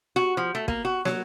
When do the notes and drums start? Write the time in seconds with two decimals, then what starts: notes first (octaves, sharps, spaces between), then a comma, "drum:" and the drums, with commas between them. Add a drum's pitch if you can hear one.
0.16 F#4
0.37 F3
0.55 A3
0.68 A#3, drum: kick
0.85 F#4
1.05 F#3, drum: snare